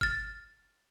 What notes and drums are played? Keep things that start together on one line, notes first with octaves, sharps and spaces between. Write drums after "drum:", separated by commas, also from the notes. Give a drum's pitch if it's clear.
F6 A6, drum: kick F#1